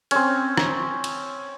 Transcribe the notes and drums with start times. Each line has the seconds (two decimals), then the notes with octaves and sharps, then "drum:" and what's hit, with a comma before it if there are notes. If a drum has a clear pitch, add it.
0.11 C4 C#4, drum: cymbal
0.58 drum: rim click
1.04 drum: cymbal